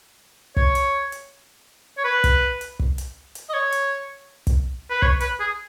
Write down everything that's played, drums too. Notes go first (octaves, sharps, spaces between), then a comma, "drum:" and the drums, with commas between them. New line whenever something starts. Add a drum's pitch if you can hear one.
C#5, drum: kick
drum: hi-hat
drum: hi-hat
C#5
B4
drum: kick, hi-hat
drum: hi-hat
drum: kick
drum: hi-hat
drum: hi-hat
D#5
C#5
drum: hi-hat
drum: kick, hi-hat
B4
C#5, drum: kick
B4, drum: hi-hat
G#4